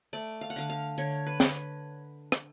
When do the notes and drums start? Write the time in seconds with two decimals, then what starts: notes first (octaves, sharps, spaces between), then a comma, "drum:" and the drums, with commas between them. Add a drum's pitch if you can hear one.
0.13 A3 D5
0.41 F5
0.50 F#5
0.56 D3 F5
0.70 F5
0.98 D3 C#5
1.26 B4
1.40 drum: snare
2.32 drum: rim click